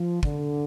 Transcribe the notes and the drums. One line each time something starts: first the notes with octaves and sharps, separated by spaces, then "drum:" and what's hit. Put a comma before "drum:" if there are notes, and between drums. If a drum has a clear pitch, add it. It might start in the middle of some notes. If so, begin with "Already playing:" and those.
Already playing: F3
D3, drum: kick